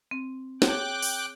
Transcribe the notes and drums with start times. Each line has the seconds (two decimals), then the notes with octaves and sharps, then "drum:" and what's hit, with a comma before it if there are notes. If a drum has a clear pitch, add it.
0.11 C4
0.62 G#4 C#5 G5 D6 F#6, drum: snare
1.02 drum: open hi-hat